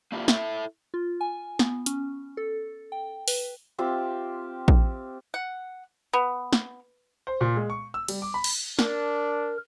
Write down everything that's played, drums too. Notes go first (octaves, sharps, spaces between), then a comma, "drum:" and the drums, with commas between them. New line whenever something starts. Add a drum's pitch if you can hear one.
A#3 D4 E4 F4 G4
E4 A4 E5, drum: snare
F4
G#5
B3, drum: snare
C#4, drum: hi-hat
A4
G5
B4, drum: open hi-hat
C4 F4 G4 E5
drum: kick A#1
F#5
B3
drum: snare
C5
A#2
G#3
C#6
E6
G3, drum: cymbal
D6
B5
drum: cymbal
D4 A#4, drum: snare